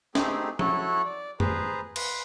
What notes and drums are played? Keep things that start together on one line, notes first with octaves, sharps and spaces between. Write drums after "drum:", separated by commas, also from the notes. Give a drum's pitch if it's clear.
A3 C4 D#4 G4 G#4, drum: snare
E4 F#4 A4 C#5 F#6, drum: tom F3
D5
G#4 B4 C5 A#5, drum: tom F2
B4 C6, drum: cymbal